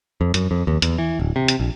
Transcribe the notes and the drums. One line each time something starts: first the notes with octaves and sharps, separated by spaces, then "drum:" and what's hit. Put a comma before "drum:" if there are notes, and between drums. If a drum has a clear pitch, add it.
F2
F#2, drum: hi-hat
F2
D#2
E2, drum: hi-hat
E3
D1
C3
drum: hi-hat
A#1